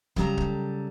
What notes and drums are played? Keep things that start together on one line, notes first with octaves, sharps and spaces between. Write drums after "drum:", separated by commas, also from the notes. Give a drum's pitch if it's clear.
C#3 F#3 G3 A4 A#4 A#5, drum: kick
drum: kick